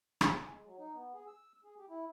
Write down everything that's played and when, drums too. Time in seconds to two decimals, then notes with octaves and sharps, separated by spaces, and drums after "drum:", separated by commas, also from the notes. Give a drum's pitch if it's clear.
0.21 drum: rim click
0.32 G#5
0.50 G#3
0.66 F#3
0.79 D#4
0.94 B3
1.14 G#4
1.27 E6
1.64 G#4
1.78 G4
1.89 E4